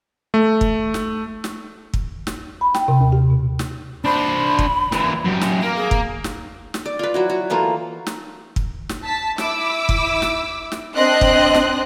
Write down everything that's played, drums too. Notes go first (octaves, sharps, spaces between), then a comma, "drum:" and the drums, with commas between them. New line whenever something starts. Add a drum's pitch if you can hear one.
A3
drum: kick
drum: snare
drum: snare
drum: kick
drum: snare
B5
G5, drum: snare
C3
D#2
G4
B2
drum: snare
D4 C5 B5
drum: kick
A#2 E3, drum: snare
F#2 G4
drum: snare
A#3 A#4
G#4
drum: kick
drum: snare
drum: snare
D5
F4 B4
F#3 E4 F#4
F#4
E3 A3 A#3 F4
drum: snare
drum: kick
drum: snare
A5 B6
E4 D6 E6, drum: snare
drum: kick
drum: snare
drum: snare
C4 D4 D#5 C6 F#6
drum: kick
drum: snare